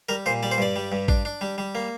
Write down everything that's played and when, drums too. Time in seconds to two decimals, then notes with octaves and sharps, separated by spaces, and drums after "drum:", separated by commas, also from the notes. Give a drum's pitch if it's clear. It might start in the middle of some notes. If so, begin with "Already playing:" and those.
0.09 G3 A#4
0.26 A#2 C5
0.43 G3 D5
0.51 C5
0.58 G2 D5
0.76 G3
0.92 G2
1.08 D4, drum: kick
1.25 D4
1.41 G3
1.58 G3
1.75 A#3